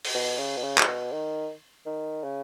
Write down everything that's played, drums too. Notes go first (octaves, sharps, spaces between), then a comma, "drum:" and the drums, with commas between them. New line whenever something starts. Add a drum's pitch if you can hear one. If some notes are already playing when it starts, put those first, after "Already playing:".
drum: open hi-hat
B2
C#3
B2
C#3
G#2, drum: clap
B2
D#3
D#3
C#3